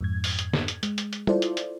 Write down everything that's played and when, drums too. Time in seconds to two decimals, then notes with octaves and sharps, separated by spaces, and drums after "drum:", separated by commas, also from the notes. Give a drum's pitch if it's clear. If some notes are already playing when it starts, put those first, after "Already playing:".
0.01 F2 G#2 G#6
0.24 drum: open hi-hat
0.39 drum: hi-hat
0.53 drum: snare
0.68 drum: hi-hat
0.83 G#3, drum: hi-hat
0.98 drum: hi-hat
1.13 drum: hi-hat
1.27 E4 F4 A4 C5 D5, drum: tom
1.42 drum: hi-hat
1.57 drum: hi-hat